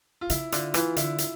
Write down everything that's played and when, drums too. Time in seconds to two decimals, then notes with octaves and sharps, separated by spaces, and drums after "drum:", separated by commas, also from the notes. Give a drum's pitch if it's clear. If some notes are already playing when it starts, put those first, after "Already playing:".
0.21 F4
0.30 C#3 E4, drum: hi-hat
0.52 D3 F4, drum: hi-hat
0.74 E3 F4, drum: hi-hat
0.96 D3 E4, drum: hi-hat
1.18 drum: hi-hat